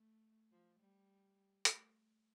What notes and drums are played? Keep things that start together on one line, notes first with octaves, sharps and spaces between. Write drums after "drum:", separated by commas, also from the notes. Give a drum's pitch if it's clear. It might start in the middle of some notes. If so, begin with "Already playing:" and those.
Already playing: A3
F3
G3
A3, drum: hi-hat